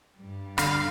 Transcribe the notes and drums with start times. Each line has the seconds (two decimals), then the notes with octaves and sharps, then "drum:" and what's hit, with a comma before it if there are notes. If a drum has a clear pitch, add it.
0.17 G2 G3
0.58 D3 F5, drum: rim click